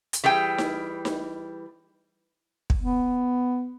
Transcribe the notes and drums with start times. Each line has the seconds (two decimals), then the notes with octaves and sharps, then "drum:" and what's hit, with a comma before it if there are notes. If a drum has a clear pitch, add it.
0.13 drum: hi-hat
0.24 E3 G3 G#4 G5
0.58 drum: snare D#4
1.05 drum: snare D#4
2.70 drum: kick
2.82 B3